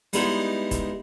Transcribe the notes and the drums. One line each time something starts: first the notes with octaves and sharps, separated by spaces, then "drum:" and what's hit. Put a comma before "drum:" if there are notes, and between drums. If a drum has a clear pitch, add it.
G3 G#3 B3 D#4 E4, drum: hi-hat
drum: kick, hi-hat